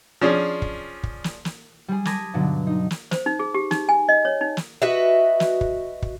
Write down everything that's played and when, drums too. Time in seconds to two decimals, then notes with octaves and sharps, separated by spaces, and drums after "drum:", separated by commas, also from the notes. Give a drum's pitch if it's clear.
0.21 F3 C#4 D4 G#4
0.62 drum: kick
1.03 drum: kick
1.24 drum: snare
1.45 drum: snare
1.88 G3 G#4
2.05 A5 B5 D6 D#6 G#6 A#6, drum: snare
2.34 G2 B2 D3 F#3
2.67 D#4
2.91 drum: snare
3.11 C5, drum: snare
3.26 D#4
3.39 G#4
3.54 G4
3.71 D#4, drum: snare
3.89 G#5
4.09 D#5
4.25 C#5
4.41 D#4
4.57 drum: snare
4.82 F#4 B4 D#5 E5
5.40 drum: snare
5.61 drum: kick
6.02 drum: kick